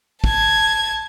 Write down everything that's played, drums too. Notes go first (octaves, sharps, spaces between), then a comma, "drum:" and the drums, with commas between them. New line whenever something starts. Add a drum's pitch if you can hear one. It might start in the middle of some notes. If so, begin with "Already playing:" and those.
A5 G#6, drum: kick